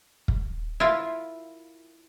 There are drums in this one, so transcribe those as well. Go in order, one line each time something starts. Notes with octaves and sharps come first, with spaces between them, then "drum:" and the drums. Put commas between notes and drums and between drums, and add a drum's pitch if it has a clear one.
drum: kick
E4 F4 A#4 E5